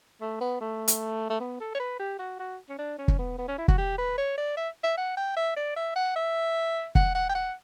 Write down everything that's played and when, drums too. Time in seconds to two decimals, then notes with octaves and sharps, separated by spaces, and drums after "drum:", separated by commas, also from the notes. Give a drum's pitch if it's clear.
0.21 A3
0.41 B3
0.61 A3
0.88 drum: hi-hat
1.30 A3
1.40 B3
1.60 A4
1.75 C#5
1.80 B4
1.99 G4
2.19 F#4
2.39 F#4
2.69 C#4
2.79 D4
2.99 C#4
3.08 drum: kick
3.18 B3
3.38 B3
3.48 C#4
3.58 E4
3.68 F#4, drum: kick
3.78 G4
3.98 B4
4.18 C#5
4.37 D5
4.57 E5
4.83 E5
4.97 F#5
5.17 G5
5.36 E5
5.56 D5
5.76 E5
5.96 F#5
6.16 E5
6.95 F#5, drum: kick
7.15 F#5
7.29 G5
7.35 F#5